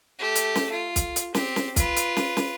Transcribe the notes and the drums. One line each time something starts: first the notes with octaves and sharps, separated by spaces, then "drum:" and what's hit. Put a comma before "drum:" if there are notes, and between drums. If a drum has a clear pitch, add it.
A3 G4
drum: hi-hat
drum: snare
F4
drum: kick, hi-hat
drum: hi-hat
C4 G4, drum: snare
drum: snare
F4 B4, drum: kick, hi-hat
drum: hi-hat
drum: snare
drum: snare